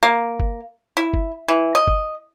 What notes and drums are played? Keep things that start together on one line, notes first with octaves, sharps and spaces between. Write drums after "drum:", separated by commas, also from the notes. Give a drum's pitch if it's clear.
A#3
drum: kick G1
E4
drum: kick G1
E3
D#5
drum: kick G1